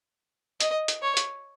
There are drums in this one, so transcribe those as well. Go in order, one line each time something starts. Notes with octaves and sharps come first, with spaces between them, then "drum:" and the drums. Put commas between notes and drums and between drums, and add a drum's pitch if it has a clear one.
D#5, drum: hi-hat
drum: hi-hat
C#5
drum: hi-hat